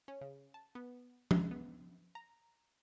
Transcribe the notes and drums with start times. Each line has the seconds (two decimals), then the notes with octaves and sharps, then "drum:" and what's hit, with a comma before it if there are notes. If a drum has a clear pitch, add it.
0.08 C#4
0.21 C#3
0.54 A5
0.75 B3
1.31 G#3, drum: tom
1.51 B3
2.15 A#5